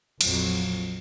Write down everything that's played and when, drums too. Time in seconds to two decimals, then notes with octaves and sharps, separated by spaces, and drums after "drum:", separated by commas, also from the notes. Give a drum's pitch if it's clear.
0.21 A#1 F2 F#3, drum: cymbal